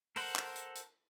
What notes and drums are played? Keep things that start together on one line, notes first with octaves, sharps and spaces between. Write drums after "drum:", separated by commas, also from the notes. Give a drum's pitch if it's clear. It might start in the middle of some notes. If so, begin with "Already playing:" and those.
A4 A#4 C5 F#5, drum: open hi-hat
drum: clap
drum: hi-hat
drum: hi-hat